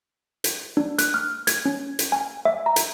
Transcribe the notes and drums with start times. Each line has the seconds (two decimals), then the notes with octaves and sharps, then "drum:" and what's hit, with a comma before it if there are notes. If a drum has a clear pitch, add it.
0.44 drum: hi-hat
0.77 D4
0.98 F#6, drum: hi-hat
1.14 F6
1.47 G#6, drum: hi-hat
1.65 C#4
1.99 drum: hi-hat
2.12 G#5
2.45 E5
2.66 A#5
2.76 drum: hi-hat